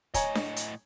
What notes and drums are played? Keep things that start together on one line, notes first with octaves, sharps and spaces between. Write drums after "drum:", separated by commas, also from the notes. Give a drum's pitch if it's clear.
A2 C#5 D#5 G#5 A#5, drum: kick, hi-hat
drum: snare D4
drum: hi-hat